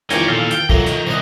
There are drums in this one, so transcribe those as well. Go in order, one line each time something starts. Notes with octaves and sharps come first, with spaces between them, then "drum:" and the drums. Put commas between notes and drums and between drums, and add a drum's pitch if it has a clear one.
E2 D#3 F3 G3 C#5 D5 G#5 A#5, drum: hi-hat
A#2 A4 F5
G5, drum: hi-hat
F3 F#3 A3 A#3 A#5, drum: kick
D#3, drum: hi-hat
C2 C5 D#5